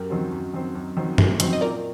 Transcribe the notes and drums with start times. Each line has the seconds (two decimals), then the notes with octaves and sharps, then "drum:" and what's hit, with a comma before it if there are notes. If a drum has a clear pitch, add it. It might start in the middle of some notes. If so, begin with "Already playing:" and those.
Already playing: F#2 G4 A#4
0.10 D#3 F#3 C4
0.32 F#2
0.53 D#3 F#3 C4
0.75 F#2
0.97 D#3 F#3 C4
1.18 F#2, drum: tom
1.40 D#3 F#3 C4, drum: hi-hat
1.53 D#5
1.61 A#2 A#4 D5